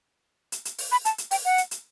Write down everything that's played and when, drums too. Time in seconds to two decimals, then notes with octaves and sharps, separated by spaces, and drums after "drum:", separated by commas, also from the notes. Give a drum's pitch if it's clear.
0.52 drum: hi-hat
0.65 drum: hi-hat
0.79 drum: open hi-hat
0.92 B5
1.05 A5, drum: hi-hat
1.18 drum: hi-hat
1.31 G5, drum: open hi-hat
1.45 F#5
1.58 drum: hi-hat
1.71 drum: hi-hat